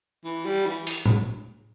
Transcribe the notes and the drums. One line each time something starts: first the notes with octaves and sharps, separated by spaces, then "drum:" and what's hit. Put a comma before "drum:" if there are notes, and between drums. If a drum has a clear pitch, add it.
E3
G3
E3
drum: open hi-hat
drum: tom